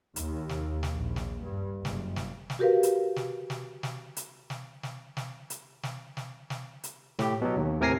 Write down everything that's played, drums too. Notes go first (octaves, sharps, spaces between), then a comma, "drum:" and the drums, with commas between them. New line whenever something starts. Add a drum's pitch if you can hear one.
D#2, drum: hi-hat
drum: snare
drum: snare
A#1
drum: snare
G2
F#1, drum: snare
drum: snare
drum: snare
F#4 G4 A#4 B4 F5
drum: hi-hat
drum: snare
drum: snare
drum: snare
drum: hi-hat
drum: snare
drum: snare
drum: snare
drum: hi-hat
drum: snare
drum: snare
drum: snare
drum: hi-hat
A2 G4, drum: snare
B2 F#3
D#2
A2 C3 A#4 G#5 A#6 C7